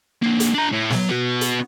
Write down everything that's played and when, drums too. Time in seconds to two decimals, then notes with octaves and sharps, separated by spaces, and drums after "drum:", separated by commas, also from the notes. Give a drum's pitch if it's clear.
0.22 D3 A#3
0.40 drum: hi-hat
0.54 D4 A#5
0.72 A2
0.90 F#3, drum: snare
1.08 B3 F#4
1.41 drum: hi-hat